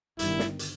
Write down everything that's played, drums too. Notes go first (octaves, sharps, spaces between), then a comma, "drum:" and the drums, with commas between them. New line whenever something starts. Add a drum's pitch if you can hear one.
G1 G2 D#3 E4, drum: hi-hat
drum: snare
drum: hi-hat